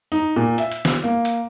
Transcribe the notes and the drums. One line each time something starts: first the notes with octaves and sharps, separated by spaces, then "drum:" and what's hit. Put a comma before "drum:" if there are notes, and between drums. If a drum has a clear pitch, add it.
D#4
A#2
E5, drum: hi-hat
drum: hi-hat
drum: snare
A#3
drum: hi-hat